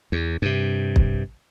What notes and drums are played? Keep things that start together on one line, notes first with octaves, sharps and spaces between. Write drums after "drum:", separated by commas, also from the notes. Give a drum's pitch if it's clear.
E2
G2 C3
drum: kick